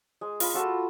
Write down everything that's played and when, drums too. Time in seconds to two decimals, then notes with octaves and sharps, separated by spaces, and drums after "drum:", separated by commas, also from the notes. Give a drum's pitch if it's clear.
0.21 G#3
0.40 F4 B5, drum: open hi-hat
0.54 F4 F#4 A4